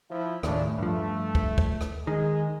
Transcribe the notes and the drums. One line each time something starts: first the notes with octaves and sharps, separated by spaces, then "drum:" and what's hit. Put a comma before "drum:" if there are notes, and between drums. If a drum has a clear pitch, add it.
F3 E4
D#2 A2 C#3 A3 D4, drum: rim click
G2 F3 A3
drum: kick
drum: kick
drum: rim click
D#3 G#3 G#4